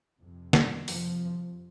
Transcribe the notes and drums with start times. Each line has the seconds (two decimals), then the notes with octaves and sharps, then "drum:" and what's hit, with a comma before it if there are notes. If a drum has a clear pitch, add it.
0.19 F2 C3
0.53 G3, drum: snare
0.88 F2 C3 F3, drum: open hi-hat